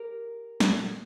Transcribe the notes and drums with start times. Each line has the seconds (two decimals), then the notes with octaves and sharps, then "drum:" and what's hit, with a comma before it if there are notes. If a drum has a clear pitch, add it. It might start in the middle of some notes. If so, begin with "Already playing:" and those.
Already playing: G4 A#4
0.60 A#2 F3 A3, drum: snare